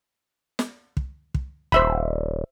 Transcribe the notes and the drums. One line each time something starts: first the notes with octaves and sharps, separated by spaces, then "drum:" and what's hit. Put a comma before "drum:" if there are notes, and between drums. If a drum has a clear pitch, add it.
drum: snare
drum: kick
drum: kick
D#1 C5 E5 B5, drum: kick